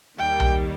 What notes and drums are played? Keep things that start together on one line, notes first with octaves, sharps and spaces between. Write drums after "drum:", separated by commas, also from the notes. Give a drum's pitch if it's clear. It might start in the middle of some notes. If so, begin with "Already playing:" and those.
D#2 D#3 G3 A#3 G5
drum: tom B1